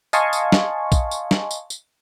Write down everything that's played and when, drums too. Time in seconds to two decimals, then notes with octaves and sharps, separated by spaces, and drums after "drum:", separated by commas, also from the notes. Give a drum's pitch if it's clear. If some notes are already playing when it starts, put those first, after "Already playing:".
0.13 D#5 F5 G#5 A5 C6 C#6, drum: tambourine
0.33 drum: tambourine
0.52 drum: snare
0.92 drum: kick, tambourine
1.11 drum: tambourine
1.31 drum: snare
1.51 drum: tambourine
1.70 drum: tambourine